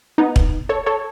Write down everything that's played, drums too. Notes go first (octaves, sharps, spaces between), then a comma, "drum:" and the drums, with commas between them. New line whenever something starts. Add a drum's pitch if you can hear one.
B3 D#4
drum: kick
A4 C#5
A4 C#5